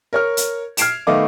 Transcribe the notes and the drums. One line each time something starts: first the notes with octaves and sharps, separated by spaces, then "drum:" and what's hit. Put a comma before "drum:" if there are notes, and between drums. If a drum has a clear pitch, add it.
A#4 C#5 F6
drum: hi-hat
F6 G#6 C7 D7 E7 F7, drum: hi-hat
D#3 A3 B3 D#5 F5 D6